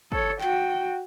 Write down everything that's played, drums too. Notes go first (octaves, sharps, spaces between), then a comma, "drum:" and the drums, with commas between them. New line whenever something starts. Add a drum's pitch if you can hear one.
A4 C#5, drum: kick
F#4 G5, drum: clap